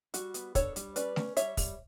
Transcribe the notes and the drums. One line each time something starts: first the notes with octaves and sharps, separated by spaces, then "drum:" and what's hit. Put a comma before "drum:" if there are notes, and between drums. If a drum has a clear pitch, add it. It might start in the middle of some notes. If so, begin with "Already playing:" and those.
G3 F#4, drum: hi-hat
B3, drum: hi-hat
D4 A4 C#5, drum: kick, hi-hat
G3, drum: hi-hat
C#4 B4 D5, drum: hi-hat
C#4, drum: snare A3
G3 C#5 E5, drum: hi-hat
G3, drum: kick, open hi-hat